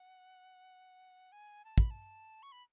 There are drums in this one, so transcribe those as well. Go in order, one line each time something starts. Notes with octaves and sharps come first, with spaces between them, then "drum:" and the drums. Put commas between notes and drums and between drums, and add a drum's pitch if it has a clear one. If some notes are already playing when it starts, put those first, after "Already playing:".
Already playing: F#5
G#5
A5
B5, drum: kick
A5
C#6
B5